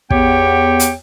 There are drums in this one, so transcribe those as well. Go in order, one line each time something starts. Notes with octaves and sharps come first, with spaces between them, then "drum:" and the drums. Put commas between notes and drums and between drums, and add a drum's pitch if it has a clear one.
E2 B3 G4 C#5 G5, drum: kick
drum: hi-hat